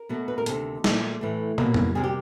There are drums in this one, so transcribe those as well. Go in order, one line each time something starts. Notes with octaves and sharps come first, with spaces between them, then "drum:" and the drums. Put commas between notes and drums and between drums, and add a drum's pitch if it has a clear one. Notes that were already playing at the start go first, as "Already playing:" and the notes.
Already playing: A#4
B2 F#3 A3
B4
A#4
D2 C3 D#3 A4, drum: hi-hat
A#2 F3 A3, drum: snare
A2 E3 A3
B2 F#3 A#3, drum: tom
drum: tom
C3 D#3 G3 G#4
G4